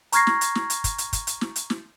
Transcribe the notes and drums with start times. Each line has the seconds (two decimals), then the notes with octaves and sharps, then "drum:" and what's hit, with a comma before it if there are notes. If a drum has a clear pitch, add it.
0.12 A#5 C#6 F6 G#6 A#6 C7, drum: hi-hat
0.27 drum: snare
0.41 drum: hi-hat
0.55 drum: snare
0.70 drum: hi-hat
0.84 drum: kick, hi-hat
0.98 drum: hi-hat
1.13 drum: kick, hi-hat
1.27 drum: hi-hat
1.41 drum: snare
1.56 drum: hi-hat
1.70 drum: snare